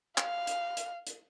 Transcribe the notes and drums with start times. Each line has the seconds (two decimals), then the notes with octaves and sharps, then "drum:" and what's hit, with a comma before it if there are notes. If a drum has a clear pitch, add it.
0.18 F5, drum: clap
0.47 drum: hi-hat
0.77 drum: hi-hat
1.07 drum: hi-hat